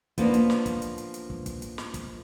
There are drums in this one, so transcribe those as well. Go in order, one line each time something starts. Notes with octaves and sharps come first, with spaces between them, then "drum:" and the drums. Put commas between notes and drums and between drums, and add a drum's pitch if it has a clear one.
F3 A#3 B3 D4, drum: kick, hi-hat
drum: hi-hat
drum: snare
drum: kick, hi-hat
drum: hi-hat
drum: hi-hat
drum: hi-hat
drum: kick
drum: kick, hi-hat
drum: hi-hat
drum: snare
drum: kick, hi-hat